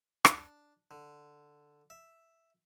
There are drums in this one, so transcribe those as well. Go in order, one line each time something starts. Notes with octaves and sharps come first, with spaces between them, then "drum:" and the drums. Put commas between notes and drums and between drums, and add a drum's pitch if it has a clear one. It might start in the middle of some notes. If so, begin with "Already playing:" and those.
D4, drum: rim click
D3
E5